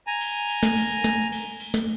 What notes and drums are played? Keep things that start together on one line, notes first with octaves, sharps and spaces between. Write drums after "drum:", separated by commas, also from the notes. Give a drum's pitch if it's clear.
G#5 A#5
drum: cymbal
drum: cymbal
drum: snare
drum: cymbal
drum: snare
drum: cymbal
drum: cymbal
drum: snare